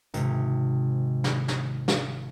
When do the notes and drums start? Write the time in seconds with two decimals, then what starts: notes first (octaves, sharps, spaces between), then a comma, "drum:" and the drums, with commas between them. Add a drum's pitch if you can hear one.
0.14 G#1 C3, drum: hi-hat
1.24 drum: snare
1.48 drum: snare
1.88 drum: snare